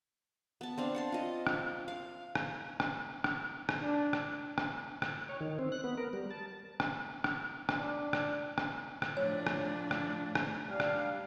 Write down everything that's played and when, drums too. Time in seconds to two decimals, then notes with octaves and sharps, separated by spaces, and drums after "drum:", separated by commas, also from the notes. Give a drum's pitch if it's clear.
0.61 B3 A5
0.78 C4 D4 F5
0.95 F#5 A5 C6
1.12 F4 D#5
1.47 drum: rim click
1.88 F5
2.35 drum: rim click
2.80 drum: rim click
3.24 drum: rim click
3.69 drum: rim click
3.82 D4
4.13 drum: rim click
4.58 drum: rim click
5.02 drum: rim click
5.29 C#5
5.41 D#3
5.59 C4
5.72 F#6
5.84 B3
5.97 A#4
6.13 G3
6.31 A5
6.80 drum: rim click
7.24 drum: rim click
7.69 drum: rim click
7.80 D4
8.13 drum: rim click
8.58 drum: rim click
9.02 drum: rim click
9.17 A2 F3 D4 C#5
9.47 drum: rim click
9.91 drum: rim click
10.35 drum: rim click
10.69 G3 D4 F5
10.80 drum: rim click